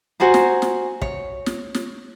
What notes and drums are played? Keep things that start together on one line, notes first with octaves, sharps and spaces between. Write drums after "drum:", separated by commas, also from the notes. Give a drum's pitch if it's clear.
F#4 C5 G#5 A#5
drum: snare
drum: snare
C#5, drum: kick
drum: snare
drum: snare